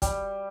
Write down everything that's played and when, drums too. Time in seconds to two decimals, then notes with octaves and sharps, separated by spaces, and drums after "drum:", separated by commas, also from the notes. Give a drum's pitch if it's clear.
0.02 G3, drum: kick, hi-hat